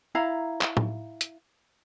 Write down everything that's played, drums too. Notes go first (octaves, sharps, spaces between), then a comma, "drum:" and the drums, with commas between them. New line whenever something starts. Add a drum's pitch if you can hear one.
E4 F5 A#5
drum: clap
drum: tom
drum: hi-hat